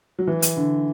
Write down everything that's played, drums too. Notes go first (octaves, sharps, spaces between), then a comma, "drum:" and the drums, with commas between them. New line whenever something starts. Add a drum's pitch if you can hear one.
F#3
E3
drum: hi-hat
D3